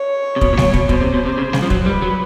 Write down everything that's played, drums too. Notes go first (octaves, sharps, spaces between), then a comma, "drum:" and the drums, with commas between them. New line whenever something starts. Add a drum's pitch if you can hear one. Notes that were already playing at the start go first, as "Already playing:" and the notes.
Already playing: C#5
C3
B2, drum: kick
A#2
B2, drum: snare
B2, drum: kick
B2 C5, drum: kick
C3
B2
C3
C#3
C#3, drum: snare
F3
F#3, drum: kick
G3 B4
F#3